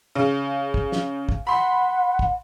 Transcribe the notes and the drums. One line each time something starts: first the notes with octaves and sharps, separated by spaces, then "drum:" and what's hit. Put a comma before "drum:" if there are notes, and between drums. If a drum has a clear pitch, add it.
C#3
drum: kick
drum: snare
drum: kick
F#5 B5 C6
drum: kick